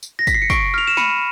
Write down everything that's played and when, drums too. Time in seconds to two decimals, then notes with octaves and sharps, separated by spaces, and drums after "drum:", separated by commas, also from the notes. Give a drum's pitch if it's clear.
0.03 drum: tambourine
0.19 A#6
0.27 B6, drum: kick, tambourine
0.35 C7
0.42 C#7
0.50 C#6 C7 D7, drum: kick, tambourine
0.74 F6 F7
0.87 E7
0.97 B5 C#7 D#7, drum: snare